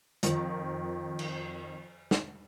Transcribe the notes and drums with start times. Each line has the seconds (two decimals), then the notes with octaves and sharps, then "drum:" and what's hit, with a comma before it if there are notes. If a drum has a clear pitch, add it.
0.23 F2 D#3 F3, drum: hi-hat
1.19 drum: cymbal
2.11 drum: snare